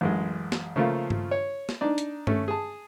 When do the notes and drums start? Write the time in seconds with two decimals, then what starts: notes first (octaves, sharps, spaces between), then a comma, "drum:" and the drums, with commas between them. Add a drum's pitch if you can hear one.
0.01 A1 F#2 G#3
0.52 drum: snare
0.76 C#3 F3 A3 A#3 F4
1.10 drum: tom G2
1.31 C#5
1.69 drum: snare
1.81 D4 D#4 D5
1.98 drum: hi-hat
2.27 A3 C#4, drum: tom G2
2.48 G#4 A5